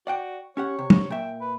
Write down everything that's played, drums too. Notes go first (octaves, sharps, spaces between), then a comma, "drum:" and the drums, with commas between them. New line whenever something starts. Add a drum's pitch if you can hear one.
F#4 D5 F#5 G5
C#4 G4 C#5 F#5
C3
drum: tom
A#2 E5 G5
B4